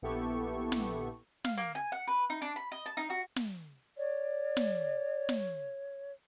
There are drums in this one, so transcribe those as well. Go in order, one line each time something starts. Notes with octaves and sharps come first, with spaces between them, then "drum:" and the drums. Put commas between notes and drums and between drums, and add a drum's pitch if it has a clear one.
A#1 B3 E4 G4 A4 C#6
drum: snare
F5, drum: snare
A#3
G#5
F#5
B4
D#4
D4
B5
D#5
A5
D#4
F#4
drum: snare
C#5 D5
drum: snare
drum: snare